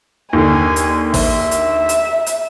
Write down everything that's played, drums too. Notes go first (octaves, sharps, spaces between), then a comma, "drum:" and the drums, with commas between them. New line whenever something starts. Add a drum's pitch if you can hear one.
D#2 D3 G#5
drum: hi-hat
E5, drum: kick, open hi-hat
drum: hi-hat
drum: hi-hat
drum: hi-hat